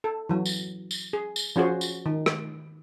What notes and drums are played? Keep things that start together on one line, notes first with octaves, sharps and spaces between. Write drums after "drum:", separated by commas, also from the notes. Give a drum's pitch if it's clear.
A4
E3 F#3
drum: tambourine
drum: tambourine
G#4
drum: tambourine
F3 C#4 F#4 G#4 C5
drum: tambourine
D#3
drum: rim click